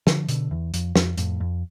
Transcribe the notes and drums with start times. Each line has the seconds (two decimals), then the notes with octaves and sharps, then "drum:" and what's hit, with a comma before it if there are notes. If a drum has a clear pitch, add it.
0.07 D3 F3, drum: snare
0.29 B2 D3, drum: hi-hat
0.51 E2
0.74 F2, drum: hi-hat
0.96 F2, drum: snare
1.17 F2 A2, drum: hi-hat
1.40 F2